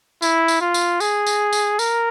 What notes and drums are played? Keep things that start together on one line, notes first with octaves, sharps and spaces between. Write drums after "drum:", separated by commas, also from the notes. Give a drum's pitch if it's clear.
E4, drum: tambourine
drum: tambourine
F4
drum: tambourine
G#4, drum: tambourine
drum: tambourine
drum: tambourine
A#4, drum: tambourine